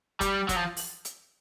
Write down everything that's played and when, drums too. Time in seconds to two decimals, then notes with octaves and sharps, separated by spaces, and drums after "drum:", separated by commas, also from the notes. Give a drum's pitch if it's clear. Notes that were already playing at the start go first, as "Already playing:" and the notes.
0.21 G3, drum: kick, hi-hat
0.49 F#3, drum: kick, hi-hat
0.56 F3
0.77 drum: open hi-hat
1.05 drum: hi-hat